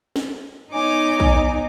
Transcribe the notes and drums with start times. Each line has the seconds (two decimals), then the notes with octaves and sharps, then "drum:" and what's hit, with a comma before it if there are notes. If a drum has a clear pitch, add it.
0.16 drum: snare
0.73 B3 D#4 C#5 G#5 D6
1.20 drum: kick